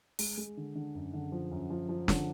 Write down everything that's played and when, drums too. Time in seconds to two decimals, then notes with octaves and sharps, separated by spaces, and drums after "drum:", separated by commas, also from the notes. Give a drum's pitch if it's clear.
0.19 G#3, drum: open hi-hat
0.37 G#3
0.57 D3
0.75 D3
0.95 F#2
1.13 D3
1.32 F3
1.51 F#2
1.70 F3
1.89 F3
2.08 D3, drum: snare